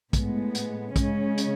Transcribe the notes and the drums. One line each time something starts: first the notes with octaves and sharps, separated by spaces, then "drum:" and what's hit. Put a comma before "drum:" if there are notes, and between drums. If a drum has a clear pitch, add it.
A2 G#3 B3, drum: kick, hi-hat
drum: hi-hat
C#3 G#3 C#4, drum: kick, hi-hat
drum: hi-hat